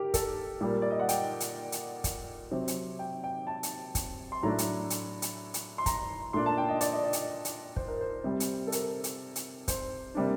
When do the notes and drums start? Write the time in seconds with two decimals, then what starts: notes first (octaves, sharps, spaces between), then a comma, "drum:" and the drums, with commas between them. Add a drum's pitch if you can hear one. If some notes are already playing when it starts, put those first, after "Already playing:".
Already playing: G4 A#4
0.14 A4, drum: kick, hi-hat
0.61 A#2 G3 A#3
0.82 D5
0.91 D#5
1.00 F#5
1.09 G5, drum: hi-hat
1.40 drum: hi-hat
1.72 drum: hi-hat
2.04 drum: kick, hi-hat
2.51 C3 F#3 C4
2.68 drum: hi-hat
2.99 G5
3.24 G5
3.47 A5
3.63 drum: hi-hat
3.95 drum: kick, hi-hat
4.32 C6
4.43 A2 F#3 A3 D4 A#5
4.58 drum: hi-hat
4.90 drum: hi-hat
5.22 drum: hi-hat
5.54 drum: hi-hat
5.78 C6
5.86 A#5, drum: kick, hi-hat
6.33 A#2 A3 D4 C6
6.46 A5
6.58 G5
6.69 D#5
6.81 D5, drum: hi-hat
6.93 D#5
7.04 D5
7.13 drum: hi-hat
7.45 drum: hi-hat
7.76 C5, drum: kick
7.88 A#4
8.01 C5
8.24 C3 G3 C4
8.40 drum: hi-hat
8.67 A4
8.72 A#4, drum: hi-hat
9.04 drum: hi-hat
9.36 drum: hi-hat
9.68 C5, drum: kick, hi-hat
10.14 C3 G3 A#3 D4